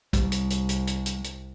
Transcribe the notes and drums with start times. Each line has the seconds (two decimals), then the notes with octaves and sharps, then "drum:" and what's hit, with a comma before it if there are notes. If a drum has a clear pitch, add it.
0.13 C2 G3, drum: kick, hi-hat
0.32 drum: hi-hat
0.50 drum: hi-hat
0.69 drum: hi-hat
0.87 drum: hi-hat
1.06 drum: hi-hat
1.24 drum: hi-hat